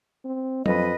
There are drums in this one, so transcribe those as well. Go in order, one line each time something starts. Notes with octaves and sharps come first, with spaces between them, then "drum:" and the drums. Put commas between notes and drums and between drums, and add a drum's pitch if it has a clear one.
C4
F2 B4 D#5, drum: tom F#3